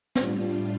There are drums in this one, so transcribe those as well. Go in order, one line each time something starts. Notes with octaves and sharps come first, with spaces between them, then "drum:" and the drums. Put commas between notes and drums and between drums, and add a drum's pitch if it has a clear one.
A2 G3 D4 F4, drum: snare